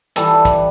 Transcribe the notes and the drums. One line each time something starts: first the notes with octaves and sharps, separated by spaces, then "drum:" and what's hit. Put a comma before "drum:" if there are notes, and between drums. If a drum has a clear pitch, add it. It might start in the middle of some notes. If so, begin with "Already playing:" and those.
E3 G3 A4, drum: hi-hat
drum: kick, hi-hat